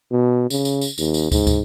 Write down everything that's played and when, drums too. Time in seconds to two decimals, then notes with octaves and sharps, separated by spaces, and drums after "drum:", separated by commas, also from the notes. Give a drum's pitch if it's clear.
0.11 B2
0.50 C#3, drum: tambourine
0.65 drum: tambourine
0.81 drum: tambourine
0.98 D#2, drum: tambourine
1.14 drum: tambourine
1.32 G#2, drum: kick, tambourine
1.47 drum: kick, tambourine